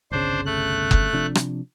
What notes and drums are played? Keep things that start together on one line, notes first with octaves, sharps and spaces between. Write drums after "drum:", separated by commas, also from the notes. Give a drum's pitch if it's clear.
G1 C2 C#3 D4 C5
A3 F#6
drum: kick F#1
C3 F3 D4
drum: rim click